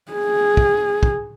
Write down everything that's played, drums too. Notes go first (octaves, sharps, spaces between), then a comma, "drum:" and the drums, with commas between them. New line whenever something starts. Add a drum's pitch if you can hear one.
G#4
drum: kick
drum: kick